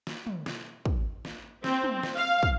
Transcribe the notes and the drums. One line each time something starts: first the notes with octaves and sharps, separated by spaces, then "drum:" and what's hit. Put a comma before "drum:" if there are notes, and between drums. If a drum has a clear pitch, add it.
drum: snare
drum: tom
drum: snare
drum: kick
drum: snare
C4, drum: snare
drum: tom
drum: snare
F5
drum: kick